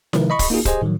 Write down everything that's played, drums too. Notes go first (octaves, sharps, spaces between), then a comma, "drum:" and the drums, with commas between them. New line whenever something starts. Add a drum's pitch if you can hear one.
C3 D#3 F3 G#3 A#4 B4, drum: snare E4
D#5 B5 C#6
drum: kick, open hi-hat
A#3 D#4 F4 F#4 G#4
G4 G#4 C5 D#5 G#5, drum: kick, hi-hat
A2 D#3 F3 F#3